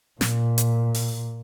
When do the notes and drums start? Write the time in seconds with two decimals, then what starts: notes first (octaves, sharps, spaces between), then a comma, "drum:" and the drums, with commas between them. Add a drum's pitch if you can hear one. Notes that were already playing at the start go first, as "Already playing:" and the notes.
0.21 A#2, drum: snare
0.58 drum: hi-hat
0.94 drum: open hi-hat